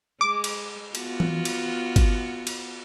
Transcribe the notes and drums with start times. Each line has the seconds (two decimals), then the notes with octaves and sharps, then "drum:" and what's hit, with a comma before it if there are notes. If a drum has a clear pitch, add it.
0.21 G#3 D6
0.44 drum: cymbal
0.95 B3 F4 F#4, drum: cymbal
1.20 drum: tom E3
1.45 drum: cymbal
1.96 drum: kick, cymbal
2.47 drum: cymbal